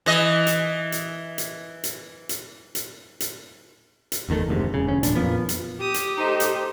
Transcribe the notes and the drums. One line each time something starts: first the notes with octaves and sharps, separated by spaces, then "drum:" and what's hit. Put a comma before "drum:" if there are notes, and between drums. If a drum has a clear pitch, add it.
E3 D#5
drum: hi-hat
drum: hi-hat
drum: hi-hat
drum: hi-hat
drum: hi-hat
drum: hi-hat
drum: hi-hat
drum: hi-hat
F#1 E2 D#3 A3
F1 D2 G#2 C3
E1 C#3
F1 D2 C#4
D#1 A#1 D4, drum: hi-hat
F2 A#2 F3 B3
drum: hi-hat
G4 D#6
drum: hi-hat
A3 D#4 C5
drum: hi-hat